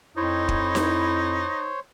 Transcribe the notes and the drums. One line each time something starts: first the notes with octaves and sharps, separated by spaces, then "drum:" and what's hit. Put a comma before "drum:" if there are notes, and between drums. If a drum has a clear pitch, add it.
F2 D#4 E4 C5 C#5
drum: kick
drum: snare D#4